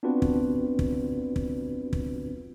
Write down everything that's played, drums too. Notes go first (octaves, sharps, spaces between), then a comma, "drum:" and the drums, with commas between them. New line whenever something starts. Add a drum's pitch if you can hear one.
B3 C4 D4 F4 F#4 B4
drum: kick
drum: kick
drum: kick
drum: kick